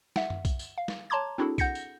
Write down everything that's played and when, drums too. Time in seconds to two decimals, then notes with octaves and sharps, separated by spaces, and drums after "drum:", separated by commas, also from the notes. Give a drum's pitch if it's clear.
0.16 E5 F#5, drum: snare
0.30 drum: tom F#2
0.45 drum: kick B1, tambourine
0.59 drum: tambourine
0.78 F5
0.88 drum: snare
1.10 C#5 A5 A#5 C6 D6 G#6
1.38 C4 D4 E4 F#4 G#4 A4
1.58 F#5 G6 A#6 C#7, drum: kick B1, tambourine
1.75 drum: tambourine